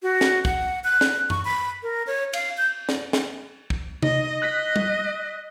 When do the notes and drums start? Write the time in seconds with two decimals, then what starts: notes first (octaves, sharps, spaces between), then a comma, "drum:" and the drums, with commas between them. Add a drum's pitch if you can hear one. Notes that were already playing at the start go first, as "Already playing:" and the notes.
0.03 F#4
0.21 drum: snare
0.45 F#5, drum: kick
0.84 F#6
1.01 drum: snare
1.30 C#6, drum: tom F#2
1.45 B5
1.83 A#4
2.07 C#5
2.33 F5, drum: cymbal
2.58 G6
2.89 drum: snare
3.13 drum: snare
3.70 drum: kick
4.03 D#4 D#5, drum: tom C3
4.42 D#5 F#6 A#6 B6
4.76 drum: tom G3